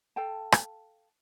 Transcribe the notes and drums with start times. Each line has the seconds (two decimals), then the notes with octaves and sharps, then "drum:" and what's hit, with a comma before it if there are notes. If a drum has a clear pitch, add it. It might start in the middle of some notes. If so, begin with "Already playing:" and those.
0.16 A4 F5 G5 A5
0.52 drum: rim click